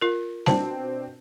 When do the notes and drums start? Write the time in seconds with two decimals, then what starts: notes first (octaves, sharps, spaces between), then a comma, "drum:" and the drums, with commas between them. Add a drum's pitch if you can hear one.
0.01 F4 A#4
0.46 B2 C4 D4 A5, drum: snare G3